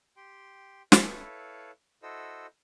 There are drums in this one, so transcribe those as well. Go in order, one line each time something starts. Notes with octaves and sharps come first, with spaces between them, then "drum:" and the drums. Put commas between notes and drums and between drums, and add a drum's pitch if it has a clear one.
G4 G5 C6
E4 A4 B4 C#5 F5, drum: snare
E4 F#4 A4 C5 D#5 E6